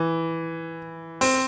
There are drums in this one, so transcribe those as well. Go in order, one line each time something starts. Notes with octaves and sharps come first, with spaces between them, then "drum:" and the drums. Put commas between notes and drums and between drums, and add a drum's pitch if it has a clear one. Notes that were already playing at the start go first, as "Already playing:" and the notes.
Already playing: E3
C4, drum: open hi-hat